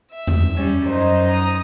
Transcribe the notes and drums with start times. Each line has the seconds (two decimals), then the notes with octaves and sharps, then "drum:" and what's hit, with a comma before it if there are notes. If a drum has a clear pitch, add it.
0.12 E5
0.27 drum: tom E2
0.55 G3 C#4
0.85 F#2 D#4 C5 D#5
1.30 A#5 D#6